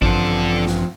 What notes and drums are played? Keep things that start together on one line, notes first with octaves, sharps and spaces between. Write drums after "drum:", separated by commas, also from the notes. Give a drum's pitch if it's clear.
A1 G2 F3 C4 D4 A4, drum: kick G#1
drum: snare